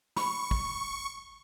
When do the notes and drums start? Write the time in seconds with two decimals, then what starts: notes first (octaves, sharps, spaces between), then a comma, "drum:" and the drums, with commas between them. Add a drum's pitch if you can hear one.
0.16 B5 C#6, drum: snare
0.51 drum: kick